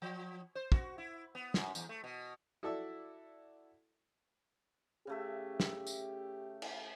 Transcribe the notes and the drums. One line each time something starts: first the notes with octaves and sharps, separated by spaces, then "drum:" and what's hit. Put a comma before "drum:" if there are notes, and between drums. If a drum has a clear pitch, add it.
F3
C5
F#4, drum: kick
E4
B3
F#2, drum: snare
E2, drum: tambourine
A3
B2
E4 F#4 A4 D5 E5
C#3 A3 G4 E5
drum: snare
drum: tambourine
drum: cymbal